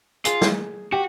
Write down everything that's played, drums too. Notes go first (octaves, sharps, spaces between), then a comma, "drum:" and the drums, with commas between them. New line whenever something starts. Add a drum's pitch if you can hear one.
F4 G#4, drum: hi-hat
drum: snare
F#4 G4